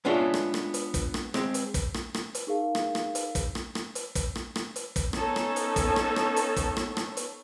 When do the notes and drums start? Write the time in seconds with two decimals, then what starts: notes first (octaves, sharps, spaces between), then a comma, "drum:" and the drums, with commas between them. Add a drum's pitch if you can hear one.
0.05 G#3 B3 C#4 D4 F4 E5
0.34 drum: rim click
0.54 drum: rim click
0.74 drum: hi-hat
0.94 drum: kick, hi-hat
1.14 drum: rim click
1.34 G#3 C4, drum: rim click
1.54 drum: hi-hat
1.74 drum: kick, hi-hat
1.94 drum: rim click
2.14 drum: rim click
2.35 drum: hi-hat
2.47 D#4 G#4 A#4 F5
2.75 drum: rim click
2.95 drum: rim click
3.15 drum: hi-hat
3.35 drum: kick, hi-hat
3.55 drum: rim click
3.75 drum: rim click
3.95 drum: hi-hat
4.15 drum: kick, hi-hat
4.35 drum: rim click
4.56 drum: rim click
4.76 drum: hi-hat
4.96 drum: kick, hi-hat
5.13 B3 C#4 D#4 A4 C#5, drum: rim click
5.36 drum: rim click
5.56 drum: hi-hat
5.76 drum: kick, hi-hat
5.96 drum: rim click
6.16 drum: rim click
6.36 drum: hi-hat
6.56 drum: kick, hi-hat
6.77 drum: rim click
6.97 drum: rim click
7.17 drum: hi-hat